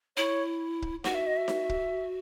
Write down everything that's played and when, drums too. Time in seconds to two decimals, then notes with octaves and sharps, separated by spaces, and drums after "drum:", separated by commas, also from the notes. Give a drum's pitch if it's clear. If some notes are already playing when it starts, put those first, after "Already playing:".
0.17 E4 C#5
0.82 drum: kick
1.04 F#4 F#5, drum: snare D#4
1.15 E5
1.27 D#5
1.37 E5
1.48 drum: snare D#4
1.69 drum: kick